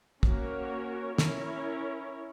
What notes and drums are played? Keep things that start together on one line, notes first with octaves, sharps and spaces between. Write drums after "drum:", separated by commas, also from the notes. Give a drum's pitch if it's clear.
A#3 C#4 F#4 A#4 C#5, drum: kick
C#4 E4 A#4 C#5, drum: snare